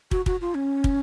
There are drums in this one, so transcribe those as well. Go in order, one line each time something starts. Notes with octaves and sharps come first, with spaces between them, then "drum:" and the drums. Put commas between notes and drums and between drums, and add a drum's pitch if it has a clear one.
F#4, drum: kick
F#4, drum: kick
F4
C#4
drum: kick